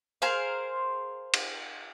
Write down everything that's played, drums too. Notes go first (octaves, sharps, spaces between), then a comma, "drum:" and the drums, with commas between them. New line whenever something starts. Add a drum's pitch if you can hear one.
G#4 A#4 C5 F5
drum: cymbal